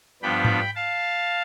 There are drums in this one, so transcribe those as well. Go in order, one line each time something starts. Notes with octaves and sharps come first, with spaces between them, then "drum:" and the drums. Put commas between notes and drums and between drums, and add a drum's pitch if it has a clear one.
G2 F3 B3 D4 G5 B5
drum: tom G#2
F5 A5